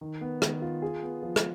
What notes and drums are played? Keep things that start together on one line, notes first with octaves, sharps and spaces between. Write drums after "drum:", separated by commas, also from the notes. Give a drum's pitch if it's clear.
D#3
B3
D#3, drum: rim click
F4
G#4
B3
F3
drum: rim click